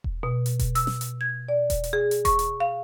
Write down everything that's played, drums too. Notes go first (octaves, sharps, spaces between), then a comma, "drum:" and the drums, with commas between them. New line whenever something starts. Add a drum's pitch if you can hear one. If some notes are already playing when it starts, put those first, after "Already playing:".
drum: kick E1
B2
drum: hi-hat
drum: kick E1, hi-hat
E6, drum: hi-hat
drum: snare
drum: hi-hat
G#6
D5
drum: kick E1, hi-hat
drum: hi-hat
G#4
drum: hi-hat
C#6, drum: kick E1, hi-hat
drum: hi-hat
F5